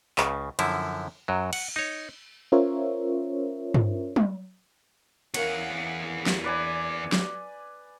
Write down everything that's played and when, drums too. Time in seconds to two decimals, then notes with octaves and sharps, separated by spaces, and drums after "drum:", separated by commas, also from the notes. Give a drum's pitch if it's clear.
0.18 C#2 C#3, drum: clap
0.59 F#2 D3 F3 E4, drum: cymbal
1.28 F#2 F#3
1.53 F#5, drum: cymbal
1.76 D#4 C#5
2.52 C#4 F4 A#4 C5 C#5 E5
3.74 drum: tom
4.16 drum: tom
5.34 E2 C#4 A#4 F5 F#5, drum: cymbal
6.26 drum: snare
6.44 B4 D5 G#5
7.12 drum: snare